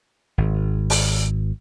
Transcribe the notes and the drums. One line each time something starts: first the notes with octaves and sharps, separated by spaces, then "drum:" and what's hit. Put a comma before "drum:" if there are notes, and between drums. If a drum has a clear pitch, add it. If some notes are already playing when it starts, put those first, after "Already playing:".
G#1
drum: open hi-hat